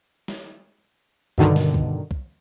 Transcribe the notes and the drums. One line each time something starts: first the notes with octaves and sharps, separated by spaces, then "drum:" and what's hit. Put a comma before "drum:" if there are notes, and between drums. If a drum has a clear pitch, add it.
drum: snare
G2 B2 D3 D#3, drum: kick C2
drum: snare
drum: kick C2
drum: kick C2